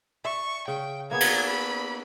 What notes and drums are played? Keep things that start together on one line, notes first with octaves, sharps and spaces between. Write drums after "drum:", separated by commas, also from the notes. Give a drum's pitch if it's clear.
D5 E5 C#6
C#3 G5
A#3 B3 G#4 G#6
drum: cymbal
B5